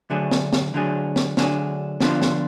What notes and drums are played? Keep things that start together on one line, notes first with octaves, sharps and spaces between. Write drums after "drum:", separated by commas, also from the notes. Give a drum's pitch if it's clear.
D2 D3 F#3 D4 G#4
drum: snare
drum: snare
D2 D3 F#3 D4 G#4
drum: snare
D2 D3 F#3 D4 G#4, drum: snare
D3 F3 B3 D4 F4, drum: snare
drum: snare